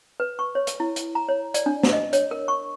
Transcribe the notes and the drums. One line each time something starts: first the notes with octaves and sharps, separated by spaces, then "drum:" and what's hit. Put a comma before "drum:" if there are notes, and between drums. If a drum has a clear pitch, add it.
B4
C#6
C#5
drum: hi-hat
E4
drum: hi-hat
A#5
C#5
D5, drum: hi-hat
D4
drum: snare
D#5
C#5, drum: hi-hat
A#4
C#6